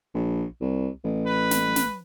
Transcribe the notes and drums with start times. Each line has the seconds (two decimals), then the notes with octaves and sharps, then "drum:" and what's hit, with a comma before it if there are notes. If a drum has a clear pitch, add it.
0.14 A#1
0.61 C2
1.04 A1
1.26 B4
1.51 drum: snare
1.76 drum: snare